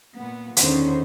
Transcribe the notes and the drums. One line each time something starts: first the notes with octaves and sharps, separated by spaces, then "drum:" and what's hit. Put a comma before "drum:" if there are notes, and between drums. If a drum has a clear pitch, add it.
A#2 B3
E2 D3 D#3 C#4 C5, drum: hi-hat